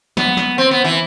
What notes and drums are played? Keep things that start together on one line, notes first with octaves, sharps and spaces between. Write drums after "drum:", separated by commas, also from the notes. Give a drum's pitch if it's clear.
B3, drum: snare
drum: snare
C4
B3
E3